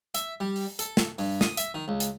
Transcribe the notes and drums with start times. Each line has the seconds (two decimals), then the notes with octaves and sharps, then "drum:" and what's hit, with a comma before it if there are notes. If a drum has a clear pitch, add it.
0.14 E5, drum: hi-hat
0.40 G3
0.56 drum: open hi-hat
0.79 A4, drum: hi-hat
0.97 drum: snare
1.18 G2, drum: open hi-hat
1.41 D#6, drum: snare
1.57 E5, drum: hi-hat
1.74 D#3
1.88 C#2
2.00 drum: hi-hat